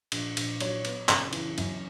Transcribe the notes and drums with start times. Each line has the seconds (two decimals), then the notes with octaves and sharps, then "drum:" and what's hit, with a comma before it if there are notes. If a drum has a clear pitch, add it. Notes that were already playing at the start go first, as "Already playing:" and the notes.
0.12 A#1, drum: cymbal
0.37 A#1, drum: cymbal
0.60 F#3 C#5, drum: cymbal
0.85 B3, drum: cymbal
1.09 F#1, drum: clap
1.33 E3, drum: cymbal
1.58 F#2, drum: cymbal